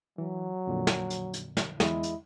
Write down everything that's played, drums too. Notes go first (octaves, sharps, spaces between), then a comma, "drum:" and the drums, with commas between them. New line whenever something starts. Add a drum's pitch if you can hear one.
E3 F#3
F2 A#2 D3
drum: snare
drum: hi-hat
drum: hi-hat
drum: snare
E2 G#3 E4 D#5, drum: snare
drum: hi-hat